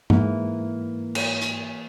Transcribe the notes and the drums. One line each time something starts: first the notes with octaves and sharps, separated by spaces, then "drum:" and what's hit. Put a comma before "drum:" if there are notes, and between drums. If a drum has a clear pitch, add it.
G#2 E3 A#3, drum: tom G#2
drum: cymbal
drum: hi-hat